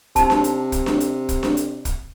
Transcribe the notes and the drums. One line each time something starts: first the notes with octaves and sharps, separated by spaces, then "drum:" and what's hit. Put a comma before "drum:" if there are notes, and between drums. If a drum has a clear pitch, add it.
C3 D#4 A5, drum: kick, hi-hat
drum: snare D4
drum: hi-hat
drum: kick, hi-hat
drum: snare D4
drum: hi-hat
drum: kick, hi-hat
drum: snare D4
drum: hi-hat
drum: kick, hi-hat